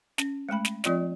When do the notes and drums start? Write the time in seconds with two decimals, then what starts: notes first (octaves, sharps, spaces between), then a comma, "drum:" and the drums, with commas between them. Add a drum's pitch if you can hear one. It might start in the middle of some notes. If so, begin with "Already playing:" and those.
0.18 C#4, drum: snare
0.49 G#3 A3 G5 B5
0.65 drum: snare
0.84 F3 C4 F4 D5 D#5, drum: snare